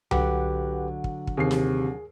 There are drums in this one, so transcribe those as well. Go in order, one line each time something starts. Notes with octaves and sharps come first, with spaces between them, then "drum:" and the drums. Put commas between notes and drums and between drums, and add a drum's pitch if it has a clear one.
D3 F#3 G4 B4, drum: tom C2
drum: kick
drum: kick
D#2 C3 G#4 C7
drum: snare